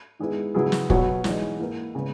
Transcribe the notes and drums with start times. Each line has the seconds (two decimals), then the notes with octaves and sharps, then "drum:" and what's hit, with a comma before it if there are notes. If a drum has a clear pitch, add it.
0.19 D#3 G#3 B3 E4
0.54 C#3 F#3 B3 E4 G#4
0.72 drum: snare
0.90 B2 F#3 B3 F#4 C#5, drum: kick
1.24 E3 G#3 D#4, drum: snare
1.59 A#3 E4 B4
1.95 C#3 G#3 B3